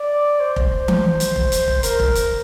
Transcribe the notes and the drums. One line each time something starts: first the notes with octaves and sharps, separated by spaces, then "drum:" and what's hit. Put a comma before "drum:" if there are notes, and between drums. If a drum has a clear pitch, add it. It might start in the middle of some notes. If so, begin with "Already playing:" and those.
Already playing: D5
C5
drum: kick F1
drum: tom E3
drum: hi-hat
drum: kick F1
drum: hi-hat
drum: kick F1
A#4, drum: hi-hat
drum: kick F1
drum: hi-hat